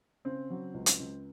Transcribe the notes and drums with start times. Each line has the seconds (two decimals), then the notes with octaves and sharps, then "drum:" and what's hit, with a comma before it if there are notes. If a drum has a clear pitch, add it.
0.25 C#3 C4
0.50 F#3
0.74 C#2
0.86 drum: hi-hat
0.99 C#2